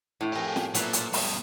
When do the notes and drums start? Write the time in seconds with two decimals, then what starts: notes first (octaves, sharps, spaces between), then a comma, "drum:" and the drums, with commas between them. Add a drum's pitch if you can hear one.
0.21 A2 A3 D4 E4
0.33 F2 G4 G#4 A#4 A#5
0.56 drum: snare
0.74 A#2 F#3 E4 B4, drum: hi-hat
0.93 drum: hi-hat
1.13 G2 B2, drum: open hi-hat